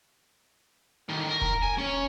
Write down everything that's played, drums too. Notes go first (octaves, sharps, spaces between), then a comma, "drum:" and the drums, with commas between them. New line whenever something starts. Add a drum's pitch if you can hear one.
A2 D#3
A#4
drum: kick E1
G#5
C#4 C#5